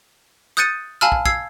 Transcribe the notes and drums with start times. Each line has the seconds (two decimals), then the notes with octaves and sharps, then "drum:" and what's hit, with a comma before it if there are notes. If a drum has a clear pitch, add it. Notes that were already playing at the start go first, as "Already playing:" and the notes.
0.57 D#6 F#6 G6 A6 C#7 D#7
1.01 F5 G#5 A5 B5 E6 F6
1.12 drum: kick
1.26 E6 G#6 C7, drum: kick